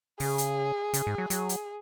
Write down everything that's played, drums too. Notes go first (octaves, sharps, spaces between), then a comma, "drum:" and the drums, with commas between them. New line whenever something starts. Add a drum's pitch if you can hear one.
C#3 G#4, drum: open hi-hat
drum: hi-hat
C#3, drum: hi-hat
G#2
F#3
F#3 G#4, drum: hi-hat
drum: hi-hat